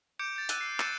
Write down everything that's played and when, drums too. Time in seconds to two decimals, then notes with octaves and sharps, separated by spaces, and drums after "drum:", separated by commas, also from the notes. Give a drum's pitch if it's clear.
0.19 D6 G6 C#7 D7
0.36 G6 A6
0.49 E6 F#6 A6 D#7, drum: hi-hat
0.61 C7
0.80 E6 G6 A6 C#7 D#7 E7, drum: clap